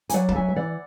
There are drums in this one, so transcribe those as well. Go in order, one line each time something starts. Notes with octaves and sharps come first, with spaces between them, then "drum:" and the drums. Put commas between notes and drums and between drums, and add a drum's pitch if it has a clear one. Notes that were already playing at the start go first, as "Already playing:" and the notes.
G#5, drum: hi-hat
F#3 D5 F#5
A5, drum: kick
F#3 E5 G#5
E5
E3 D5 F#5